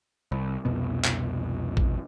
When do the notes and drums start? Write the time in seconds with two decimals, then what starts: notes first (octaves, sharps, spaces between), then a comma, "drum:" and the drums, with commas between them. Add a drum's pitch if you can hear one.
0.32 C2
0.65 C2 F2 B2 B3
1.04 drum: clap
1.77 drum: kick